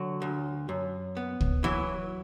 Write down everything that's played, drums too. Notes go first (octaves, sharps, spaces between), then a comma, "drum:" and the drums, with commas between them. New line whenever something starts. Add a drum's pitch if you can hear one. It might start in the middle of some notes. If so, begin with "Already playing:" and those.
Already playing: D3 F#3 F#4
D2
F#2
B3
drum: kick
E3 F#3 E4